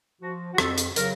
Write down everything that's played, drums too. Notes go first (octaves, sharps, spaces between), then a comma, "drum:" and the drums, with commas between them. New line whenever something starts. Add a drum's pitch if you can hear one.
F3 F#4
F#4
F2 A4, drum: rim click
drum: hi-hat
C#3 F#3 A#4, drum: hi-hat